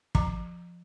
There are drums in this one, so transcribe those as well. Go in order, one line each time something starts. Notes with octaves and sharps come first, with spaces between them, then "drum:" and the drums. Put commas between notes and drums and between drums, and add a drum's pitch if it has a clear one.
F3 A#5, drum: kick